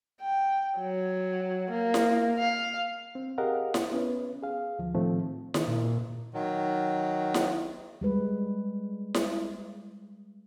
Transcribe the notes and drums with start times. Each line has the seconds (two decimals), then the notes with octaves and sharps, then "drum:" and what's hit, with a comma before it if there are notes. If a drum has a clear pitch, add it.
0.21 G5
0.77 F#3
1.71 A#3
1.94 drum: snare E4
2.39 F5
3.15 C4
3.38 G4 G#4 A#4 D#5 F5 F#5
3.74 drum: snare E4
3.92 B3 C#4 B4
4.42 G#4 F5
4.79 D2 F3
4.94 A2 D#3 F3 A3 C4
5.54 D#3, drum: snare E4
5.67 A#2
6.34 D#3 F#3
7.34 drum: snare E4
8.01 G3 G#3 B4
9.14 drum: snare E4